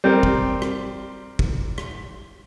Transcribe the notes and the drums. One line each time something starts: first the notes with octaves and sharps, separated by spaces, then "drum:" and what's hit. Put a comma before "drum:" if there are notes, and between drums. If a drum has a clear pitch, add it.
G3 C4 A#4
drum: kick
drum: rim click
drum: kick
drum: rim click